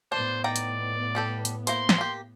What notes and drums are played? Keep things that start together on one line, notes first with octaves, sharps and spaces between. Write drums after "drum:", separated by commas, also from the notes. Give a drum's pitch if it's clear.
A2 B3 D4 C5
D#3 D5 G5 A#5
drum: hi-hat
G3 G4 A4
drum: hi-hat
A#3 E4 C5 C6, drum: hi-hat
drum: snare
A#3 G4